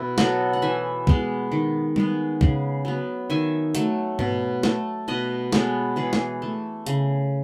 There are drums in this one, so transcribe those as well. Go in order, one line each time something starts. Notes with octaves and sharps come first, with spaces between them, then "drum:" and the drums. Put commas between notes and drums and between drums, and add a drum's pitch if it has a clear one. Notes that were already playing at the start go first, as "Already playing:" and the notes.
Already playing: B2 E4
F#3 B3 F#4 A4, drum: snare
F#5
E3 E5 G#5
G#3 B3, drum: kick
D#3
G#3 B3, drum: tom G3
C#3, drum: kick
F#3 B3
D#3 E5 G#5
F#3 A3, drum: hi-hat
B2, drum: tom G#2
A3, drum: snare
B2 B4 D#5
G#3 B3 A4 C#5, drum: snare
E3 G#4 B4
drum: snare
A3
C#3, drum: hi-hat